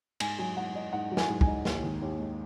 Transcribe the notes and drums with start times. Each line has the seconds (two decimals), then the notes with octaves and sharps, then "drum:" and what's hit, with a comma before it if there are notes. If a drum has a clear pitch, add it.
0.20 G#2 G#5, drum: cymbal
0.39 F#3 G#5
0.57 G#2 F#5
0.75 D#4 D#5
0.93 G#2 F#5
1.12 F#3
1.17 G#5, drum: snare
1.29 G#2
1.41 G#5, drum: kick
1.47 D#4
1.65 D#2, drum: snare
1.83 D#3
2.02 D#2
2.19 G#3